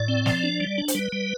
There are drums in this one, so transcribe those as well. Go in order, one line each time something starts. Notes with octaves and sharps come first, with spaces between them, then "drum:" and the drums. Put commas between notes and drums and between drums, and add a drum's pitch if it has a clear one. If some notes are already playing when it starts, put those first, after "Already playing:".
Already playing: A2 D5
C4
F3, drum: snare
D4
G3
D4
C5, drum: hi-hat
G3 B4
G3